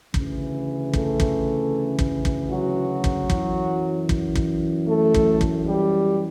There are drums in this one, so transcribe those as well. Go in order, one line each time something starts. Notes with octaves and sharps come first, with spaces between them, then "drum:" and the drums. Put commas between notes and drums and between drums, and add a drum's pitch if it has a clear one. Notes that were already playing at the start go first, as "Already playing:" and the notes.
D2 C#3 E3, drum: kick
A3 A4, drum: kick
drum: kick
drum: kick
drum: kick
F#3 F#4
drum: kick
F#2 E3, drum: kick
drum: kick
drum: kick
A3 A4
drum: kick
drum: kick
G3 G4